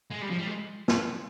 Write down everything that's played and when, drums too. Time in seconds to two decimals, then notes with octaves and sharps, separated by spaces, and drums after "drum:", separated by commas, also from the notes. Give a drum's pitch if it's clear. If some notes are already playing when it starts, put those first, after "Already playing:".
0.11 G#3
0.22 G3
0.30 F3
0.38 G3
0.47 G#3
0.88 drum: snare